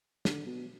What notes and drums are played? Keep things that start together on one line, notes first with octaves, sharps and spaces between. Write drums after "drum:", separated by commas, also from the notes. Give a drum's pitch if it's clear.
D3, drum: snare
B2